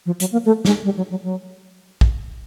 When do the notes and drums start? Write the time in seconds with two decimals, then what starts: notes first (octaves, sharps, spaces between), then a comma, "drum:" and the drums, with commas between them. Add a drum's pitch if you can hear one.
0.06 F3
0.20 F#3, drum: hi-hat
0.32 A#3
0.45 A3
0.65 G#3, drum: snare
0.84 G3
0.97 F#3
1.10 F#3
1.24 F#3
2.01 drum: kick